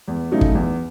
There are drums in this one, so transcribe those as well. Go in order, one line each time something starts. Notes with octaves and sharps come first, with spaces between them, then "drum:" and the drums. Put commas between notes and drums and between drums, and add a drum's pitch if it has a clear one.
E2
C#3 F#3 A3 D#4
drum: kick
E2